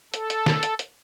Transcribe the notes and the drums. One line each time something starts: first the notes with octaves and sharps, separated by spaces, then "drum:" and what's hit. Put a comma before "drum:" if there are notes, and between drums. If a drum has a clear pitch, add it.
A4, drum: hi-hat
drum: hi-hat
drum: snare
drum: hi-hat
drum: hi-hat